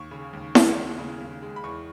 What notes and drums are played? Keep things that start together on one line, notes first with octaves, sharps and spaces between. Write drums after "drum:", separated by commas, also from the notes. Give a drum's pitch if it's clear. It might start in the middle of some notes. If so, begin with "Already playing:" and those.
Already playing: D#2 C#6
C#3
D#2
G#3, drum: snare E4
D#2
C#3
D#2
G#3
B5
E2 C#6